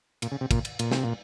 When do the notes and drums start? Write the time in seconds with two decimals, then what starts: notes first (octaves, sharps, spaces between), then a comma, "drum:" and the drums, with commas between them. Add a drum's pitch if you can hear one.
0.22 A#2, drum: cymbal
0.32 C#3
0.41 C3
0.51 A#2, drum: kick, cymbal
0.65 drum: cymbal
0.79 A#2, drum: cymbal
0.92 C3, drum: snare
1.03 A#2